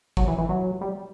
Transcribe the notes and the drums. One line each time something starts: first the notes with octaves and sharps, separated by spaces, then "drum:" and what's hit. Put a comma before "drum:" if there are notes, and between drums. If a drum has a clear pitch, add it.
F#3, drum: kick G#1
E3
E3
F#3
G3